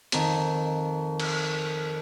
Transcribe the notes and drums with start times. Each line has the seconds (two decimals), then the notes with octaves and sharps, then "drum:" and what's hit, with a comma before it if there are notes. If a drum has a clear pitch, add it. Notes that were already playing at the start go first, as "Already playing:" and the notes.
0.12 F2 D#3, drum: hi-hat
1.20 drum: cymbal